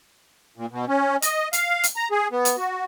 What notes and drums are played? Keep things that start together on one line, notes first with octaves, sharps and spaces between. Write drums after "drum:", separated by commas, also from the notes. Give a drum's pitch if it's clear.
A#2
B2
C#4
D#5, drum: hi-hat
F5, drum: hi-hat
drum: hi-hat
A#5
G#4
B3
drum: hi-hat
F#4